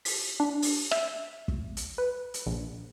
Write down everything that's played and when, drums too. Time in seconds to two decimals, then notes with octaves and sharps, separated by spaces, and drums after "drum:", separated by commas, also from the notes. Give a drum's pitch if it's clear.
0.05 B6, drum: open hi-hat
0.40 D4
0.62 drum: open hi-hat
0.91 E5, drum: rim click
1.48 drum: kick
1.77 drum: hi-hat
1.98 B4
2.34 drum: hi-hat
2.46 A#1